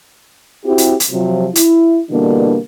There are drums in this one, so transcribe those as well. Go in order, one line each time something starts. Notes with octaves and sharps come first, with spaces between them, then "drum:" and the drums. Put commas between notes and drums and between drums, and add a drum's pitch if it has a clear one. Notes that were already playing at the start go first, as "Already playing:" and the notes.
C4 E4 F#4 G4
drum: hi-hat
drum: hi-hat
C3 F3 F#3
E4, drum: hi-hat
B2 D3 E3 G3 A#3 D4